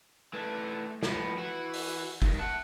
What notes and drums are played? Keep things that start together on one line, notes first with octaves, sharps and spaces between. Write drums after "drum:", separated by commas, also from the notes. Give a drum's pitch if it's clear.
E3 A3 D4
A2 F3 B3, drum: snare
E3 F#4
drum: open hi-hat
G2 D#3, drum: kick
E5 F#5 A5